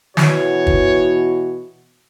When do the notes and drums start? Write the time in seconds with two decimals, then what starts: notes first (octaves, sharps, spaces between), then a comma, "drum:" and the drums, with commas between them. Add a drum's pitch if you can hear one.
0.17 B2 E3 F#4 C#5, drum: snare
0.67 drum: kick